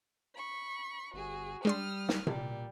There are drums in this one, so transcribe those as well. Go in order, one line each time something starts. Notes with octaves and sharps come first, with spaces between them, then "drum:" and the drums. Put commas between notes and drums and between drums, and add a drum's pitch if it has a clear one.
B5 C#6
G1 F#4 G#4
G3 G#3 D4 C6 D#6 F6
drum: snare
A#2 G3, drum: tom C3